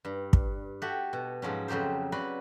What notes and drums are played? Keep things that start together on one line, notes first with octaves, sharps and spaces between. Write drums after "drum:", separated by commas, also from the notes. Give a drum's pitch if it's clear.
G2
drum: kick
F#4 G4 A4 E5 F#5
B2
G#2 F3 F#3 C#4
F2 C#3 F#3 G4 C5
C#3 F#4 B4 D5 B5 C6